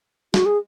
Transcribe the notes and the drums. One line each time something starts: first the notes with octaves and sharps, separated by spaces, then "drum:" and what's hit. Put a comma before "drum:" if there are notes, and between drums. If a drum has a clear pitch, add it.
F#4, drum: snare
G#4